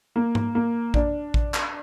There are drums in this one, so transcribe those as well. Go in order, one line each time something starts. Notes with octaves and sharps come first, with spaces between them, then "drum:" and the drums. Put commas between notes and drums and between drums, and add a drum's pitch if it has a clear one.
A#3
drum: tom G#2
A#3
D4, drum: kick A1
drum: kick A1
drum: clap